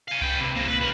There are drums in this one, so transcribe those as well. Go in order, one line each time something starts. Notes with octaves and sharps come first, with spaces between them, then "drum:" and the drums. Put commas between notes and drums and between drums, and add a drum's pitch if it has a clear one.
F5 G#5
B4 G5, drum: kick C2
C3
A#3 E4
B4, drum: kick C2
C#2 A#4